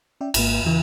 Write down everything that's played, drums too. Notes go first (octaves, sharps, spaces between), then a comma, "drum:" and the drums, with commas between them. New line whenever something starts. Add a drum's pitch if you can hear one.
C#4 D5 E5 G5
G#1 G#2 A#3, drum: cymbal
E2 C#3 E3